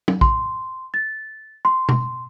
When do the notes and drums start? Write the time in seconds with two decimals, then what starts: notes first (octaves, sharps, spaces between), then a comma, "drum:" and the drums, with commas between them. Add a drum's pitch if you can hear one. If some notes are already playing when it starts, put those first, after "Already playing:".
0.08 drum: tom
0.21 C6, drum: kick A#1
0.94 A6
1.65 C6
1.89 drum: tom B2